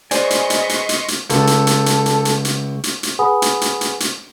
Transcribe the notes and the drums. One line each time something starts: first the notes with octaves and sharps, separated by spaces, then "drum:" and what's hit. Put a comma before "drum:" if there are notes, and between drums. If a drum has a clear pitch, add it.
G#4 B4 C5 D5 D#5 G#5 C6 C#6, drum: hi-hat
drum: hi-hat
drum: hi-hat
drum: hi-hat
drum: hi-hat
drum: hi-hat
C#2 A4, drum: hi-hat
drum: hi-hat
drum: hi-hat
drum: hi-hat
drum: hi-hat
drum: hi-hat
drum: hi-hat
drum: hi-hat
drum: hi-hat
G#4 B4 F#5 G#5 B5 D#6
drum: hi-hat
drum: hi-hat
drum: hi-hat
drum: hi-hat